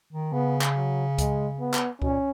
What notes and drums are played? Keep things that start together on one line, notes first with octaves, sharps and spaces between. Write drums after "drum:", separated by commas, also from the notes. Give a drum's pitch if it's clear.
D#3
C#3 B3
drum: clap
F#3
G#3, drum: kick C#2, hi-hat
B3
drum: clap
B2 C#4, drum: kick C#2
A#2